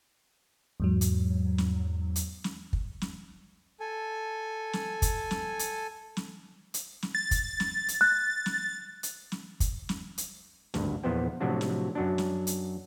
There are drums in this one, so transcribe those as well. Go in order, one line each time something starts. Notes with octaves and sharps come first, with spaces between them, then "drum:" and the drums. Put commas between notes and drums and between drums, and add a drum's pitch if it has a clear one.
E2 G#2 F#3
drum: hi-hat
drum: snare
drum: hi-hat
drum: snare
drum: kick
drum: snare
A4 G#5
drum: snare
drum: kick, hi-hat
drum: snare
drum: hi-hat
drum: snare
drum: hi-hat
drum: snare
A6
drum: kick, hi-hat
drum: snare
drum: hi-hat
F#6
drum: snare
drum: hi-hat
drum: snare
drum: kick, hi-hat
drum: snare
drum: hi-hat
G#1 D2 G2, drum: snare
E2 A#2 F3 B3 C5 G5
A2 C3 F3 F#3 D4 F#4
drum: snare
F#2 F#3 D4
drum: snare
drum: hi-hat